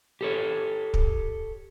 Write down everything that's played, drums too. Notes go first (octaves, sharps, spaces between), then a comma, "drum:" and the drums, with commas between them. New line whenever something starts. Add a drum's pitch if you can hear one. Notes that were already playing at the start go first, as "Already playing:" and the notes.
G4 A4 C#5
drum: kick